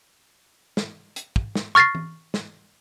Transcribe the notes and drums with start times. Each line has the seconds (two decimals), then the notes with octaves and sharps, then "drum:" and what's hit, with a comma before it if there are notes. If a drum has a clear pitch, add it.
0.77 drum: snare
1.16 drum: hi-hat
1.36 drum: kick
1.55 drum: snare
1.75 C#6 F6 A6 A#6 C7
1.95 drum: tom E3
2.34 drum: snare